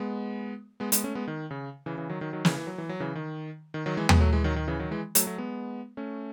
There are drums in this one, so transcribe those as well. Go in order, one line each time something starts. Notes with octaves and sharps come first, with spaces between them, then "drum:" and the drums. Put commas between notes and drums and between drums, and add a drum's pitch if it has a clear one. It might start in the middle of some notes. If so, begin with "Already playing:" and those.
Already playing: G#3 B3
G#3 B3
G#3 B3, drum: hi-hat
A3 C#4
G#3 B3
D#3
C#3
C#3 E3
C#3 E3
D#3 F#3
D#3 F#3
D#3 F#3
C#3 E3, drum: snare
E3
F#3
E3
F#3
C#3 E3
D#3
D#3
D#3 F#3
E3 G#3
G#3 B3, drum: tom D#2
F#3 A3
E3 G#3
D#3 F#3
D#3
C#3 E3
D#3 F#3
E3 G#3
F#3 A3, drum: hi-hat
F#3 A3
G#3 B3
A3 C#4